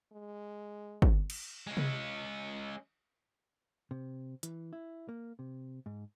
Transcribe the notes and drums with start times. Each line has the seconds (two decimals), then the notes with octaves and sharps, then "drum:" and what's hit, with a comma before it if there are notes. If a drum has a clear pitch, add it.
0.12 G#3
1.02 drum: kick
1.30 drum: cymbal
1.67 G#3 C#4
1.77 drum: tom C3
3.91 C3
4.43 E3, drum: hi-hat
4.73 E4
5.09 A#3
5.39 C3
5.86 G#2